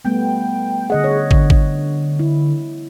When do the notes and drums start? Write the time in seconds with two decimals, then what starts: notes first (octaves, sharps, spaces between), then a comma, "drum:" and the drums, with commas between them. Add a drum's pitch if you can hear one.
0.05 G3 A3 B3 G5
0.90 D3 G#4 D#5 F#5
1.04 C#5
1.31 D3, drum: kick
1.50 drum: kick
2.20 E4